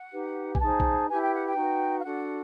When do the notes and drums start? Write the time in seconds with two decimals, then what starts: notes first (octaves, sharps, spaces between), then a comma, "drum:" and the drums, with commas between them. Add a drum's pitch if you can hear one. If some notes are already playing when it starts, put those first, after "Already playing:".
Already playing: F#5
0.13 D#4 G4 B4
0.55 G#5, drum: kick A#1
0.61 D#4 G#4 C5 A5
0.80 drum: kick A#1
1.08 E4 G4 B4 G#5
1.22 G5
1.34 F#5
1.46 G5
1.57 D#4 F#4 B4
2.00 F5
2.04 D4 F#4 A4 F#5